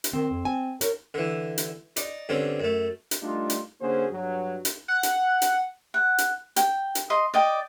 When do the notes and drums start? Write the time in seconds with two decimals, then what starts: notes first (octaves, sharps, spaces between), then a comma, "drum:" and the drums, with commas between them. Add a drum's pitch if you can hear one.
0.04 drum: hi-hat
0.13 D#3 C4
0.30 F2
0.45 C4 G#5
0.81 A#4 C#5, drum: hi-hat
1.14 D3 E3
1.58 drum: hi-hat
1.96 D#4 D5, drum: hi-hat
2.29 G2 D3 C4 C#4
2.60 F#2 A3
3.11 drum: hi-hat
3.22 G3 A3 D4 D#4 F4
3.50 drum: hi-hat
3.81 D3 A#3 C#4 F#4 G#4 C5
4.11 G2 F#3
4.65 drum: hi-hat
4.88 F#5
5.03 drum: hi-hat
5.42 drum: hi-hat
5.94 F#5
6.18 drum: hi-hat
6.56 G5, drum: hi-hat
6.95 drum: hi-hat
7.10 D#5 C6
7.34 D5 D#5 G5